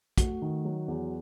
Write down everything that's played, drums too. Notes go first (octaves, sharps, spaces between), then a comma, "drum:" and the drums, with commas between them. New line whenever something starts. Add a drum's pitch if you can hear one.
A3 F#4, drum: kick, hi-hat
D#3
F#3
E2